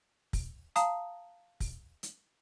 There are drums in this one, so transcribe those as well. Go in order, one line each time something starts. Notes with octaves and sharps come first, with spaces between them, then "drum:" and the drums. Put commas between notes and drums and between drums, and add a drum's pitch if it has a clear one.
drum: kick, open hi-hat
F5 A5 A#5 D#6, drum: hi-hat
drum: kick, open hi-hat
drum: hi-hat